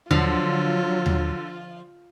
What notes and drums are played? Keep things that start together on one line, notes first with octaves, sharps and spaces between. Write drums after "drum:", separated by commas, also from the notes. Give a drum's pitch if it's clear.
D3 F3 F#3 F4, drum: tom D#2
drum: tom D#2